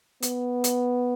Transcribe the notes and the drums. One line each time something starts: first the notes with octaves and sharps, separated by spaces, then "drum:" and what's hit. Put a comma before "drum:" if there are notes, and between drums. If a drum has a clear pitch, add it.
B3, drum: hi-hat
drum: hi-hat